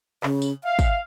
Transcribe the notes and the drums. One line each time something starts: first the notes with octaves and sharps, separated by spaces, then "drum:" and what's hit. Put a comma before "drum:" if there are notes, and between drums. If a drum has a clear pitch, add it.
C#3, drum: clap
drum: tambourine
E5 F5
drum: kick, tambourine